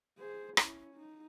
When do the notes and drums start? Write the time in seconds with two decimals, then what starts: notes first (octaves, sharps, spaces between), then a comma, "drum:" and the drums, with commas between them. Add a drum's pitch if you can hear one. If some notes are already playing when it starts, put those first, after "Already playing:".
0.18 G#4 C5
0.57 C#4 E4, drum: rim click
0.95 D#4